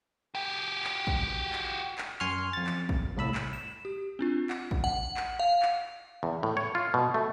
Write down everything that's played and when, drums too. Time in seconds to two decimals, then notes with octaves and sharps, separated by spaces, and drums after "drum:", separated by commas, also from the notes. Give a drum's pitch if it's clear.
0.35 F#4 G4
0.84 drum: clap
1.07 drum: kick
1.53 drum: clap
1.98 drum: clap
2.20 F#2 G#5 C6 C#6 F6
2.53 F2 A6
2.66 drum: clap
2.89 drum: kick
3.17 C2 A2 B5 E6
3.35 drum: clap
3.53 E7
3.85 G4
4.19 C4 D4 F4
4.50 F#5, drum: clap
4.71 drum: kick
4.84 F#5
5.17 drum: clap
5.39 F5
5.62 drum: clap
6.23 E2
6.43 A2
6.57 C#5
6.75 F4
6.94 B2
7.14 A3